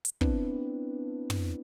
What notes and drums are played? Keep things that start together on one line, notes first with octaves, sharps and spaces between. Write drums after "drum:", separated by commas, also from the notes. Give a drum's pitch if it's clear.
drum: hi-hat
B3 C4 D4 E4 B4, drum: kick
drum: tom